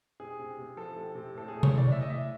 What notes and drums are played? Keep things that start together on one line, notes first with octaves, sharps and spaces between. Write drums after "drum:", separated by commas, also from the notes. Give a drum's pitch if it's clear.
C3 G#4
C3
C3
F3 A4
C3
C3
A2 A4
G#4
A2
C#5, drum: tom B2
A2
D5
A2 E5
D#5
A2 E5